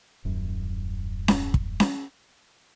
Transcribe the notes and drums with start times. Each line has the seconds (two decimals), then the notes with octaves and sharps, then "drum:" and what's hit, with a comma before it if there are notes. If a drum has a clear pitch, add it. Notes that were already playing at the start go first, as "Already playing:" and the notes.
0.25 D#1 F#2
1.28 drum: snare C#4
1.54 drum: kick
1.80 drum: snare C#4